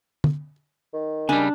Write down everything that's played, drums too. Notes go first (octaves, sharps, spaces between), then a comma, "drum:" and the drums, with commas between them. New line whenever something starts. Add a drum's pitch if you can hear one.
drum: tom
D#3
C#3 G3 D4 G#5